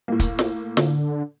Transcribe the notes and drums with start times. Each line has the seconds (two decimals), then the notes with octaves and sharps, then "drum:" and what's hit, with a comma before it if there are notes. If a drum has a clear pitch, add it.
0.08 A2 A#3
0.20 drum: kick, hi-hat
0.39 drum: snare
0.77 D3, drum: snare